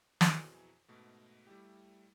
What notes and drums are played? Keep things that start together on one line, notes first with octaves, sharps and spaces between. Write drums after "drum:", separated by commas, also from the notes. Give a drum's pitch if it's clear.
F2 B2 E3 F#3 G#4, drum: snare
G#2 B2 A3
G3 A3 E4 G4